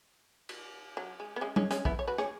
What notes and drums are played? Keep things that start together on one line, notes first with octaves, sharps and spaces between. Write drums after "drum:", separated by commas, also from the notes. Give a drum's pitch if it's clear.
drum: cymbal
F#3
G#3
B3
G#3 C#4
G#3 C#4, drum: tom
G#3 C#4, drum: hi-hat
B3 E4, drum: kick
C#5
F#4 B4
G#4 C#5, drum: rim click